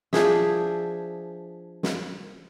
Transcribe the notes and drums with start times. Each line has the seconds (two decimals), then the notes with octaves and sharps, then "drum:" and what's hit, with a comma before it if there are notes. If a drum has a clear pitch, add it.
0.13 F3 D4 G#4 E5, drum: snare
1.83 drum: snare